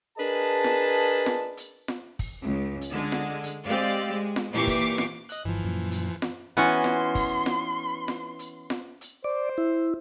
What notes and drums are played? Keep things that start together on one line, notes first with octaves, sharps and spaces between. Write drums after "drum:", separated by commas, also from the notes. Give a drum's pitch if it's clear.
D4 G#4 A#4 B4 D#5 A5
drum: snare F4
drum: snare F4
drum: hi-hat
drum: snare F4
drum: kick, open hi-hat
C#2
drum: hi-hat
D3 G#3
drum: snare F4
drum: hi-hat
G#3 C4 G4 D5 F5
G#3
drum: snare F4
A#2 E3 G4 C#6 D6 C7
drum: kick, open hi-hat
drum: snare F4
D#5 F#6, drum: hi-hat
G1 E3 F3
F#2 A#2
drum: hi-hat
drum: snare F4
E3 B3 C#4 F#4 C6
drum: snare F4
drum: kick, open hi-hat
drum: snare F4
drum: snare F4
drum: hi-hat
drum: snare F4
drum: hi-hat
C5 D5
E4